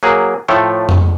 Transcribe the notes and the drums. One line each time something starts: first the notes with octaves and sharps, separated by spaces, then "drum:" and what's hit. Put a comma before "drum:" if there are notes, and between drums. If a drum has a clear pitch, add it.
F#3 A#3 G#4
A2 F3 A3 A4 C#5 G5
drum: tom F2